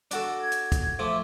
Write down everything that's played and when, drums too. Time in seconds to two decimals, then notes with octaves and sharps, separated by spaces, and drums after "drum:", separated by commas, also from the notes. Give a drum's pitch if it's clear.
0.11 D4 F#4 A4, drum: hi-hat
0.40 G#6
0.52 drum: hi-hat
0.72 drum: kick, hi-hat
0.99 F3 A3 E5 D6